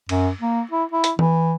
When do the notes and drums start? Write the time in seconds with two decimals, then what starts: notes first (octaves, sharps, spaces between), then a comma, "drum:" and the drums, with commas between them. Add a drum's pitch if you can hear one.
0.09 F#2, drum: cymbal
0.41 A#3
0.71 E4
0.92 E4
1.04 drum: hi-hat
1.19 E3, drum: tom E3